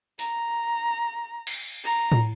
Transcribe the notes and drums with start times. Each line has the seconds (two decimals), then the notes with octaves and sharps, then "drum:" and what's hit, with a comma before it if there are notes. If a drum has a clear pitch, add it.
0.19 A#5, drum: open hi-hat
1.47 drum: cymbal
1.84 A#5
2.12 drum: tom A2